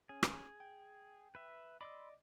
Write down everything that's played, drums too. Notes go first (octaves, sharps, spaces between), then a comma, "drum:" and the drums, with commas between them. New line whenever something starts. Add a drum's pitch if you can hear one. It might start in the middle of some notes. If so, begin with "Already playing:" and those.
C#4 G#4
drum: rim click
G5
B4 E5
D5 D#5 B5 C6 D6 E6